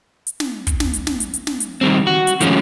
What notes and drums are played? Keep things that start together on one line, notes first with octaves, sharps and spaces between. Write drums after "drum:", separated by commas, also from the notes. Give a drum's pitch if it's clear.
drum: hi-hat
drum: snare
drum: kick, hi-hat
drum: snare
drum: hi-hat
drum: snare
drum: hi-hat
drum: hi-hat
drum: snare
drum: hi-hat
D#3 G3 C4
F#4
drum: hi-hat
D#3 F3 G#3 A3 C#4, drum: hi-hat